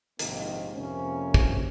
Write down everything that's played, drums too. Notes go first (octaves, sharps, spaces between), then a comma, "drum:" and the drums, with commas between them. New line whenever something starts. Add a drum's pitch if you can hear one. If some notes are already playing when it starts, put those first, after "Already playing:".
A#1 G#2 C3 D#3 A#3 D#4, drum: hi-hat
F2 C3 A#3 C#4
drum: kick